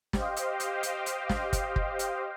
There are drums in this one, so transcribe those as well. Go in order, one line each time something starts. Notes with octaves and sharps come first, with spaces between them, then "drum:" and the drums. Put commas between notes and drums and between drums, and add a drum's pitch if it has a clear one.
G4 C5 D#5 F5 G5, drum: snare
drum: hi-hat
drum: hi-hat
drum: hi-hat
drum: hi-hat
drum: snare
drum: kick, hi-hat
drum: kick
drum: hi-hat